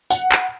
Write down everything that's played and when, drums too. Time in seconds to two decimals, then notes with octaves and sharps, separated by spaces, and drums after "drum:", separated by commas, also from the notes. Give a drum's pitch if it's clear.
0.10 F#5, drum: tambourine
0.32 drum: clap